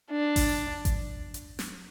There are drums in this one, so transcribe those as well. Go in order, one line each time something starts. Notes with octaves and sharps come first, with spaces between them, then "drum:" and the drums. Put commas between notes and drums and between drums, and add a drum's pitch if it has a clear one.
D4
drum: kick G#1, open hi-hat
drum: kick G#1, hi-hat
drum: hi-hat
drum: snare